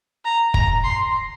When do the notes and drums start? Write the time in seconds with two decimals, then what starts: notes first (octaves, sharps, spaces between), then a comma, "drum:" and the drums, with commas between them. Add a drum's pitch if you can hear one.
0.25 A#5
0.54 A#5, drum: kick
0.84 C6